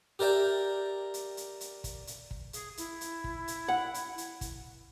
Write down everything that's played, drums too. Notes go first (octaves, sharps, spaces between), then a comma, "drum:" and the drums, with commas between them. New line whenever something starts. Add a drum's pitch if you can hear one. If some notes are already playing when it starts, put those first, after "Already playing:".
G4 A#4 D5 E5 G5
drum: hi-hat
drum: hi-hat
drum: hi-hat
drum: kick, hi-hat
drum: hi-hat
drum: kick
G#4, drum: hi-hat
E4, drum: hi-hat
drum: hi-hat
drum: kick
drum: hi-hat
F#5
drum: hi-hat
drum: hi-hat
drum: kick, hi-hat